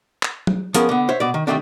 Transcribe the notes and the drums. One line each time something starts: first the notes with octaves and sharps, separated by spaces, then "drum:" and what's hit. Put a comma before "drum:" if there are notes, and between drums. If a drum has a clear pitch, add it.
drum: clap
drum: tom F#3
F3 B3 C#4 G#4 A#4, drum: hi-hat
D3 B3
C5 C#5 E5
B2 D5
D#3
D#3 F3 G3 A3 C4 D4